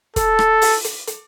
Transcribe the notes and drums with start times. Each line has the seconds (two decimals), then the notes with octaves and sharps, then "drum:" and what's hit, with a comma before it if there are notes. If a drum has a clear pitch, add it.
0.16 A4, drum: kick, hi-hat
0.39 drum: rim click
0.62 drum: open hi-hat
0.84 drum: hi-hat
1.07 drum: hi-hat